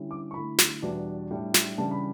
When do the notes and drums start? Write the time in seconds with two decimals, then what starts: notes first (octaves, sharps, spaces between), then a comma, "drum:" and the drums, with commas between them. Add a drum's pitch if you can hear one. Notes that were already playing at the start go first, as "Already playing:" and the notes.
Already playing: D3 G3 C#4 E4
0.11 D6
0.31 C#6
0.34 D3 A3 E4 B5
0.58 drum: snare
0.82 E2 B2 G3 D4
1.31 A2 G3 D4
1.54 drum: snare
1.78 C#3 E3 G3 D4 A5
1.91 B5